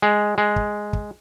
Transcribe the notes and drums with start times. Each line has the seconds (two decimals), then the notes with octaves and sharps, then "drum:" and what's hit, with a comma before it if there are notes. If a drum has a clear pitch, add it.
0.02 G#3
0.38 G#3
0.56 drum: kick
0.93 drum: kick